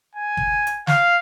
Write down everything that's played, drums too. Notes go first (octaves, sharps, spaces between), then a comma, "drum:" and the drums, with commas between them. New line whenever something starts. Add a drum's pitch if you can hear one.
G#5
drum: kick G1
drum: hi-hat
F5, drum: snare